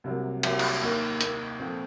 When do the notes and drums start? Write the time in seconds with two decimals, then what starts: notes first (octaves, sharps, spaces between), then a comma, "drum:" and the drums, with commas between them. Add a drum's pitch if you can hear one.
0.04 C2 C3 F#3 A#3
0.43 C2 C3 F#3 A#3, drum: cymbal
0.59 drum: cymbal
0.82 D#2 D#3 A#3
1.21 D#2 D#3 A#3, drum: hi-hat
1.59 A#2 F3 C4 F4 A4